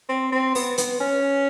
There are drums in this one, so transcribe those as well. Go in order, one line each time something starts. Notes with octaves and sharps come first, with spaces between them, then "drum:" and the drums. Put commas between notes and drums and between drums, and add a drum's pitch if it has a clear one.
C4
C4
B3, drum: open hi-hat
B3, drum: hi-hat
C#4